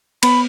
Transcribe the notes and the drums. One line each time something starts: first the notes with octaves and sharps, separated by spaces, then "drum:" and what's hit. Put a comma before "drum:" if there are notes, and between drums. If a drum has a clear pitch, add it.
B3 B5, drum: cymbal